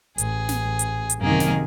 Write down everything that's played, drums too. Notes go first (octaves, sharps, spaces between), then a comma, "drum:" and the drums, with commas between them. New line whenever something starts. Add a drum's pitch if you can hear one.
A1 G#4, drum: hi-hat
drum: snare
drum: hi-hat
drum: hi-hat
F#2 C3 D#3 A#3 G#4
drum: snare